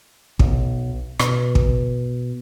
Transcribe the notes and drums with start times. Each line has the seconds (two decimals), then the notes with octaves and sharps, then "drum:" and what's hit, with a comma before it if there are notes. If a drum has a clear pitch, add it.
0.39 B1, drum: kick
1.19 B2, drum: rim click
1.55 drum: kick